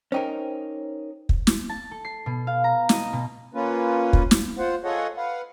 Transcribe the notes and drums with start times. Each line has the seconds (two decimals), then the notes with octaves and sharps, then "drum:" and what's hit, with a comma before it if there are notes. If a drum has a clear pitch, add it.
0.12 C#4 D#4 A#4 C5 G5
1.29 drum: kick
1.47 drum: snare
1.69 A5
1.91 A4
2.05 C7
2.26 B2
2.47 F5
2.64 A#5
2.89 D#5, drum: snare
3.13 B2
3.54 A#3 C#4 F4 B4
4.13 drum: kick
4.31 drum: snare
4.58 F4 C5 F#5
4.84 F4 G#4 A4 C#5 D#5 F#5
5.17 B4 F5 F#5